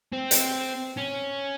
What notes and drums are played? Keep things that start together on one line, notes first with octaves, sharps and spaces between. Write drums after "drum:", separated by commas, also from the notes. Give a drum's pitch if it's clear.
C4
drum: hi-hat
C#4